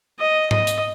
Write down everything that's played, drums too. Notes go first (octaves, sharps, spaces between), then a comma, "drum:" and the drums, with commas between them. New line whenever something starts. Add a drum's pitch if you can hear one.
D#5
D#5, drum: tom G#2
drum: hi-hat